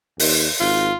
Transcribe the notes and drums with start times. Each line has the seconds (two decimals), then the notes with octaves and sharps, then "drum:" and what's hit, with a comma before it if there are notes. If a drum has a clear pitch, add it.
0.19 D#2, drum: open hi-hat
0.60 G#1 F4